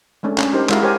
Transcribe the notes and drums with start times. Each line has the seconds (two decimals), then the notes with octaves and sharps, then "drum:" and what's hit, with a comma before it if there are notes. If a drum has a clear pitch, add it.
0.23 G#3 A3 C#4 D4
0.38 C#4 D4, drum: clap
0.53 D#4 G4 A#4 C5
0.70 G#3 E4 F#4 A#4 F5, drum: clap
0.83 G4 A#4 C5 C#5 G#5